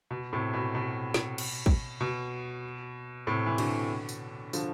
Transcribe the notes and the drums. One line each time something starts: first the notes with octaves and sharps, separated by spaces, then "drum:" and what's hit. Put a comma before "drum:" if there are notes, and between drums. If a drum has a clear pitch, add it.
B2
A2 C3
B2
B2
drum: snare
drum: cymbal
drum: kick
B2
A2 C3
E3
B2 D3, drum: cymbal
drum: tambourine
D3 F3, drum: tambourine